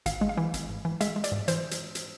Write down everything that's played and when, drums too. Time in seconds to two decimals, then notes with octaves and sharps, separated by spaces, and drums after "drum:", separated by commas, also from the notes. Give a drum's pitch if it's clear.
0.06 G#1 F5, drum: hi-hat
0.21 G#3
0.29 F5
0.37 E3
0.54 G#1, drum: hi-hat
0.69 G#2
0.85 E3
1.01 G#3 E5, drum: hi-hat
1.16 G#3
1.24 D5, drum: hi-hat
1.32 G#2
1.48 E3 C5, drum: hi-hat
1.71 drum: hi-hat
1.95 drum: hi-hat